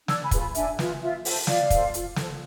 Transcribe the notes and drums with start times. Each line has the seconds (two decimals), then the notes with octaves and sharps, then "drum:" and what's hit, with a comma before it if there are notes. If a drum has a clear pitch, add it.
0.08 D4 E6 G#6, drum: snare
0.24 G#5 B5
0.31 F4 G#4 B4, drum: kick, hi-hat
0.39 G#5 B5
0.55 D4 E5 G#5, drum: hi-hat
0.79 F4 G#4 B4, drum: snare
1.01 F4 E5
1.25 A4 C5, drum: open hi-hat
1.47 F4 D5 F5, drum: snare
1.70 A4 C5, drum: kick, hi-hat
1.94 F4, drum: hi-hat
2.16 A4 C5, drum: snare